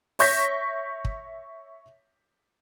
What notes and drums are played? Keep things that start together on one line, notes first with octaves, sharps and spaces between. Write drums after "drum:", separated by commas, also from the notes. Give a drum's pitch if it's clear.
C#5 E5 C#6 G6 A#6 B6, drum: open hi-hat
drum: kick